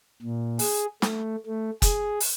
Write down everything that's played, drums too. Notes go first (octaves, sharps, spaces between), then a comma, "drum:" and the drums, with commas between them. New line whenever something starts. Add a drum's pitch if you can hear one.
A#2
G#4, drum: open hi-hat
A3, drum: snare
A3
G#4, drum: kick, hi-hat
drum: open hi-hat